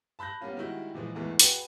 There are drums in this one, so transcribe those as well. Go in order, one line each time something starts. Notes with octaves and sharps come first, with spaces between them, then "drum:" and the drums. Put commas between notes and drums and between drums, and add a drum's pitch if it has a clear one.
A5 B5 F#6 G6 A#6
G3 A#3 B3 C#4 F4
D#3 G3 G#3 E4 F#4 G6
A#2 E3 F3 G#3
E2 G#2 E3 G#3 A3
F#4 G#4 B4 G5, drum: open hi-hat